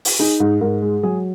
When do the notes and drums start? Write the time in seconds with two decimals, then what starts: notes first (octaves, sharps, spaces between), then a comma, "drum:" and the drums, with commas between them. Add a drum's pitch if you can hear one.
0.05 drum: open hi-hat
0.19 D#4 G#4
0.40 G#2
0.61 G#2 A#4
0.82 G#3
1.03 F#3 G#4